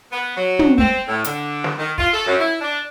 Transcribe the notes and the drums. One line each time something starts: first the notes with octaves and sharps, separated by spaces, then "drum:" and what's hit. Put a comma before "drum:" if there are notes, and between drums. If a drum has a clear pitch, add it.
B3
F#3
drum: tom
C4, drum: kick
A2
D3, drum: hi-hat
drum: snare
D#3
F4, drum: kick
A4
F#2
E4
D4